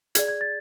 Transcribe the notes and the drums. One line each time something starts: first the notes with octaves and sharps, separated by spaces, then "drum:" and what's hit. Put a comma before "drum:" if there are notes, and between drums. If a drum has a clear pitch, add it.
G#4 D5 G#6, drum: hi-hat
G#6
A6